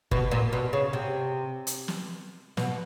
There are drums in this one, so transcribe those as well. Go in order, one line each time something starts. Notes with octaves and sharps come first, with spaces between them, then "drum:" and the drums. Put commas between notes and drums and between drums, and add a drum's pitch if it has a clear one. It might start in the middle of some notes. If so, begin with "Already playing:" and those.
B2, drum: kick G1
A#2
B2
C#3
C3
drum: hi-hat
drum: snare
B2, drum: snare